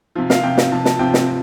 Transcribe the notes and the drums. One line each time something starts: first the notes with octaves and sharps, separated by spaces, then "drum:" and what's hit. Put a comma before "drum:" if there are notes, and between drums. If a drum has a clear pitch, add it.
C3 F3
F5, drum: snare
C3 F3 G5
drum: snare
C3 F3 A5
A5, drum: snare
C3 F3 G5
drum: snare